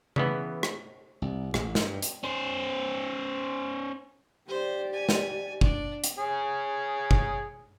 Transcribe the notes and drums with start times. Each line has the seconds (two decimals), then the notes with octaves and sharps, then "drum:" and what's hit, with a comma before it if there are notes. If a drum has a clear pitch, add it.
0.16 C#3 E3 B3, drum: tom C#3
0.63 drum: rim click
1.22 C2
1.54 A1, drum: rim click
1.75 G2, drum: snare
2.02 drum: hi-hat
2.24 C#4 C5
4.48 G4 C5 D5
4.93 G#5
5.09 drum: snare
5.61 D4 D5, drum: kick
6.04 drum: hi-hat
6.19 G#4 C#5
7.11 drum: kick